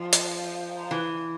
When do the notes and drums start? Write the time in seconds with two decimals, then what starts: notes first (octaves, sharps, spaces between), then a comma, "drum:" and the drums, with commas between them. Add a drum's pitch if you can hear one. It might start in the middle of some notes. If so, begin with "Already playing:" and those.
Already playing: F3
0.13 drum: hi-hat
0.91 E3